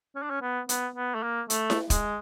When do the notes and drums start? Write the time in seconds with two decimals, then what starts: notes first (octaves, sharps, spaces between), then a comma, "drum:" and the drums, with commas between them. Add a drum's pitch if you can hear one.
0.16 C#4
0.23 D4
0.30 C#4
0.42 B3
0.69 B3, drum: hi-hat
0.96 B3
1.15 A3
1.23 A#3
1.50 A3, drum: hi-hat
1.70 drum: snare E4
1.90 G#3, drum: kick, hi-hat